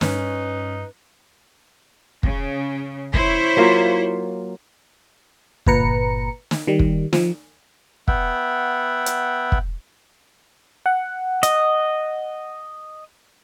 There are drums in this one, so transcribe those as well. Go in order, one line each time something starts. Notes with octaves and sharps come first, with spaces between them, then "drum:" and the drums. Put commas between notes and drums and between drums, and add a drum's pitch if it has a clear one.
G2 C#4 D#4 B4, drum: snare
C#3, drum: kick
E4 C5 C#5, drum: kick
F#3 A#3 F4
G1 A#2 B4 A#5 C#7, drum: kick
drum: snare
D#3 G3
drum: kick
F3, drum: snare
B3 E5 F#5 G5, drum: kick
drum: hi-hat
drum: kick
F#5
D#5, drum: hi-hat